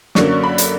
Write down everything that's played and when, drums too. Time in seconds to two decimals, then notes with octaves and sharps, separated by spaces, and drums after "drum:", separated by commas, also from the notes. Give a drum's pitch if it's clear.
0.15 F#2 D3 F#3 A#3 C#6, drum: snare
0.44 B5
0.58 drum: hi-hat